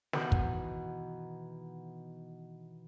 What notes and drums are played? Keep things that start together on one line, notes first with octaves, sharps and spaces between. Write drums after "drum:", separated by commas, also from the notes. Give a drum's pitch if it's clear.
B2 D#3 E3 F#5 G6, drum: snare
drum: kick